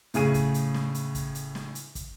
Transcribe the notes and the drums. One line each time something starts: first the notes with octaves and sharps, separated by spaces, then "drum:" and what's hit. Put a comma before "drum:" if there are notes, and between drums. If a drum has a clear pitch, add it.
A2 C#3 G#4 D#7, drum: hi-hat
drum: kick, hi-hat
drum: hi-hat
drum: snare
drum: hi-hat
drum: kick, hi-hat
drum: hi-hat
drum: snare
drum: hi-hat
drum: kick, hi-hat